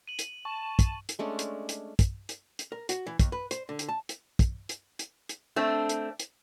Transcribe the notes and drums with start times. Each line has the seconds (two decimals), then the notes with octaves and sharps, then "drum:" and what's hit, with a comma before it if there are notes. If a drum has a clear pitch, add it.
0.08 D#7 F#7
0.19 drum: hi-hat
0.45 A5 C#6
0.79 drum: kick, hi-hat
1.09 drum: hi-hat
1.19 G#3 A3 C#4 D4
1.39 drum: hi-hat
1.69 drum: hi-hat
1.99 drum: kick, hi-hat
2.29 drum: hi-hat
2.59 drum: hi-hat
2.72 A#4
2.89 F#4, drum: hi-hat
3.06 E3
3.20 D#2, drum: kick, hi-hat
3.32 B4
3.51 C5, drum: hi-hat
3.69 D3
3.79 drum: hi-hat
3.88 A5
4.09 drum: hi-hat
4.39 drum: kick, hi-hat
4.69 drum: hi-hat
4.99 drum: hi-hat
5.29 drum: hi-hat
5.56 A3 C4 D4
5.89 drum: hi-hat
6.19 drum: hi-hat